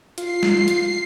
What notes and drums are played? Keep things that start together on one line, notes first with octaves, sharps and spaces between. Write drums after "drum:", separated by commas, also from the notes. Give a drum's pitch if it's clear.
F4 C7, drum: hi-hat
drum: snare
drum: hi-hat